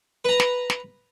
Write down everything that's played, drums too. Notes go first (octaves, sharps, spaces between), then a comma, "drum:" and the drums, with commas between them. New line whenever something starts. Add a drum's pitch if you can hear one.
B4 A#5
drum: snare
drum: snare